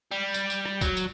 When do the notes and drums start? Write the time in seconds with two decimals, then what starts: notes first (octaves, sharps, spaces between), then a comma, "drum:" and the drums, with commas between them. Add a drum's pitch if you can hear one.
0.12 G3
0.34 drum: tambourine
0.50 drum: tambourine
0.65 drum: rim click
0.81 F#3, drum: kick, tambourine
0.97 drum: tambourine